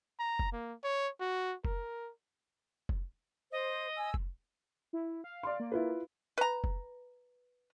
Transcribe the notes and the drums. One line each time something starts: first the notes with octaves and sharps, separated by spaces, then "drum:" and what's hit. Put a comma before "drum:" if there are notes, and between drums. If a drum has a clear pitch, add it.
A#5
drum: kick F1
A#3
C#5
F#4
A#4, drum: kick F1
drum: kick F1
C5 D#5
G#5 E6
drum: kick F1
E4
F5
D5 C6
A#3
E4 F4 B4
B4 A#5
drum: kick F1